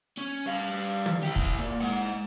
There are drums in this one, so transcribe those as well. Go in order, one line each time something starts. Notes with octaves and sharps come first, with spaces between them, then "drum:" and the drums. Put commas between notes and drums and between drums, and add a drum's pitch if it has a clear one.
C#4
G3 F5
drum: tom
E4 G4
drum: kick
A#2
G#3 F#5